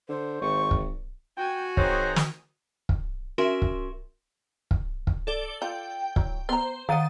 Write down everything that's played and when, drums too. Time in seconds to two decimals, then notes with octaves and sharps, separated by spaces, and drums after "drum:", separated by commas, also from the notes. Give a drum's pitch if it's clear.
0.09 D3 C5
0.41 G#1 C#6
0.71 drum: kick
1.37 F#4 G5 G#5
1.77 D#3 C4 G#4 C5 C#5 F#5 A#5, drum: kick
2.16 drum: snare
2.89 drum: kick
3.38 C#4 F#4 A#4 E5 C6
3.62 drum: kick
4.71 drum: kick
5.07 drum: kick
5.27 A4 D5 G7
5.62 F4 G5
6.16 F#3 E4, drum: kick
6.49 B3 C5 A#5
6.89 D#3 F5 F#5 A6 D#7